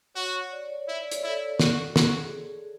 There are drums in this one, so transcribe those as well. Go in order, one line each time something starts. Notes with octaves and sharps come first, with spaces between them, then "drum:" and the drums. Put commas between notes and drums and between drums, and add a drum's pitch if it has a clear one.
F#4 C#5
D5
C#5
E4 E5
D5
C#5, drum: hi-hat
E4 A4
F#4, drum: snare
F#4, drum: snare
G#4